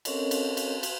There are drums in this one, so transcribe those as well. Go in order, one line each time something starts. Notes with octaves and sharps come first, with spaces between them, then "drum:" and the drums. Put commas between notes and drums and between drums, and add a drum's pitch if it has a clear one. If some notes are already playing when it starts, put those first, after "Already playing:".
C4 C#4 A4 A#4 C#5 D#5, drum: cymbal
drum: cymbal
drum: cymbal
drum: cymbal